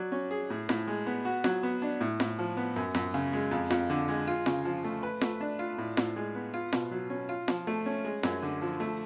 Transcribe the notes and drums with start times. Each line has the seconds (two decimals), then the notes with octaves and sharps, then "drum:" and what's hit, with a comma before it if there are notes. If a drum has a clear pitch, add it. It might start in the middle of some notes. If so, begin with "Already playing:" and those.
Already playing: F#3 D5
0.12 C#4
0.31 G#4
0.50 A2
0.69 A2, drum: snare F4
0.88 G#3
1.06 B3
1.25 F#4
1.44 F#3, drum: snare F4
1.63 B3
1.82 D4
2.01 A2
2.20 A2, drum: snare F4
2.39 F3
2.57 B3
2.76 F#2
2.95 F#2, drum: snare F4
3.14 C#3
3.33 G#3
3.51 F2
3.71 F2, drum: snare F4
3.90 D3
4.08 G#3
4.27 F4
4.46 C#3, drum: snare F4
4.65 F3
4.84 A3
5.03 B4
5.21 A3, drum: snare F4
5.41 D4
5.59 F4
5.78 A2
5.97 A2, drum: snare F4
6.16 G#3
6.35 B3
6.54 F4
6.73 B2, drum: snare F4
6.91 F#3
7.10 C#4
7.29 F4
7.48 F3, drum: snare F4
7.67 A3
7.86 C#4
8.05 G#3
8.23 F#2, drum: snare F4
8.42 D3
8.62 F3
8.80 A3